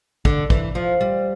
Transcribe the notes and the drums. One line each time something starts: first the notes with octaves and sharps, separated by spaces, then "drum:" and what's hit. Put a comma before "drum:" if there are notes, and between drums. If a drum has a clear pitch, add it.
D3, drum: kick
E3, drum: kick
F3
G3